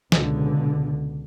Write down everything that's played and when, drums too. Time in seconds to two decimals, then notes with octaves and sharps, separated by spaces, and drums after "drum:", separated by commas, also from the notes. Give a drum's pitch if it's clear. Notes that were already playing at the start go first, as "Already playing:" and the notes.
0.12 C#2 B2 D3, drum: snare